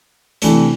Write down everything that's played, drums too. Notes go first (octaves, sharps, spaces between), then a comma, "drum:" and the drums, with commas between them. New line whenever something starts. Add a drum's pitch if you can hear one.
C3 E3 A3 D4, drum: hi-hat